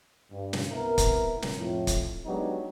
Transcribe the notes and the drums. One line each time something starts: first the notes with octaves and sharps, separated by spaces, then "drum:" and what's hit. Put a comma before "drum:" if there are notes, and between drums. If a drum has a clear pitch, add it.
G2
drum: snare
C2 B3 E4 A#4
drum: kick, hi-hat
drum: snare
F2 A2
drum: kick, hi-hat
F#3 G#3 B3 D4 D#4 G4